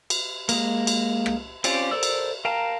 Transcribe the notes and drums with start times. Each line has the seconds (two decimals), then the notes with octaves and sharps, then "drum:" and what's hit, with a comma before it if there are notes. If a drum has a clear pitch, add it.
0.10 drum: cymbal
0.49 G#3 A#3, drum: cymbal
0.87 drum: cymbal
1.26 drum: rim click
1.64 C4 C#4 F4 G4 D5, drum: cymbal
1.91 A4 A#4 C5 D5 E6
2.03 drum: cymbal
2.45 A#4 F5 G5 A5 A#5